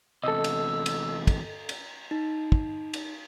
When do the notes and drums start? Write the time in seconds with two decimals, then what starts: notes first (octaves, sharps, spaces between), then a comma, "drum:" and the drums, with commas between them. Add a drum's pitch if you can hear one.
0.24 E2 C3 A4 D#5 E6
0.44 drum: cymbal
0.86 drum: cymbal
1.27 drum: kick, cymbal
1.69 drum: cymbal
2.11 D#4
2.52 drum: kick
2.94 drum: cymbal